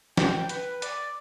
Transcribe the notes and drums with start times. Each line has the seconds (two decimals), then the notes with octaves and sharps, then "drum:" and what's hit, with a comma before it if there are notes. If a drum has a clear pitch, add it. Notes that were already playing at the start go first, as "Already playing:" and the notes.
0.17 G5, drum: snare
0.49 B4, drum: hi-hat
0.82 D5, drum: hi-hat